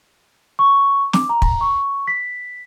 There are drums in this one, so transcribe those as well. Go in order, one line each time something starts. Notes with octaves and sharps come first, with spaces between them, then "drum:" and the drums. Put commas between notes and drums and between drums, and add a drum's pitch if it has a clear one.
C#6
D6, drum: snare
A#5
drum: kick
C#6
B6